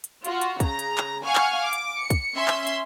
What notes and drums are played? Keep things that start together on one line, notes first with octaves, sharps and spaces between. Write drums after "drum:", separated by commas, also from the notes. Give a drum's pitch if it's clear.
drum: hi-hat
F4 F#4, drum: hi-hat
drum: hi-hat
C#3 A#5, drum: kick, hi-hat
drum: hi-hat
drum: clap
F5 F#5 G#5 C#6 F6
drum: clap
D6
drum: hi-hat
C#7
drum: kick, hi-hat
C#4 E5 C6
drum: clap
drum: hi-hat